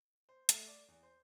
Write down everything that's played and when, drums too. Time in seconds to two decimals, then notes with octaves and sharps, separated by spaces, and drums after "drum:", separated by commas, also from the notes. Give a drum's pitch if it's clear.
0.29 C5
0.49 A3, drum: hi-hat
0.67 D5
0.88 E2
1.03 C5